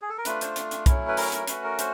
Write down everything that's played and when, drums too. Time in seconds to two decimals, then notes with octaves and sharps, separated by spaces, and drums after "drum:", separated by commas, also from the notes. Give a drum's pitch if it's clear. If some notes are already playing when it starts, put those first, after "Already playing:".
0.02 G#4
0.09 A4
0.18 A#4
0.25 A3 D4 F4 B4, drum: hi-hat
0.41 C5, drum: hi-hat
0.56 drum: hi-hat
0.71 drum: hi-hat
0.86 F#3 A3 C#4 E4, drum: kick, hi-hat
1.08 B4
1.17 A#4, drum: open hi-hat
1.32 A#4, drum: hi-hat
1.47 A3 C#4 F#4 B4, drum: hi-hat
1.63 A#4
1.79 C5, drum: hi-hat